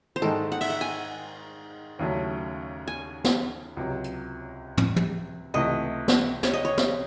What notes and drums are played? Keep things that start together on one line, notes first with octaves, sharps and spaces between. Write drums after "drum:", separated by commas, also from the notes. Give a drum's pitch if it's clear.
C5
G#2 D#3 G#3 D#4 A4
F#5
E5, drum: cymbal
F#5
G#5
D#2 C#3 F#3 A3
G#5
drum: snare
C#2 C3 F#3
drum: hi-hat
drum: tom
drum: tom
C#2 C3 E3 A3 D#5
drum: snare
C#5, drum: snare
D#5
C#5
drum: snare